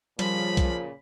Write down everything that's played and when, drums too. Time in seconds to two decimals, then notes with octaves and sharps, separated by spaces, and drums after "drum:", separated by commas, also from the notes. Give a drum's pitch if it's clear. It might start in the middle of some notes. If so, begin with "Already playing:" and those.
0.19 A#2 C#3 F3 G3 B5, drum: hi-hat
0.57 drum: kick B1, hi-hat